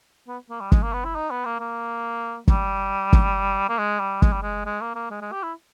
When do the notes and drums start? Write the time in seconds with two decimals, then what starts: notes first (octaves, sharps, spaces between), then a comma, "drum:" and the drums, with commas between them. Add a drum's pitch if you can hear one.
0.28 B3
0.50 A#3
0.61 G3
0.72 G#3, drum: kick
0.83 A#3
0.93 B3
1.05 E4
1.15 D#4
1.31 B3
1.45 A#3
1.59 A#3
2.48 G3, drum: kick
3.13 drum: kick
3.69 A#3
3.78 G#3
4.00 G3
4.22 G#3, drum: kick
4.32 G3
4.43 G#3
4.66 G#3
4.81 A#3
4.95 A#3
5.10 G#3
5.21 G#3
5.32 G4
5.43 E4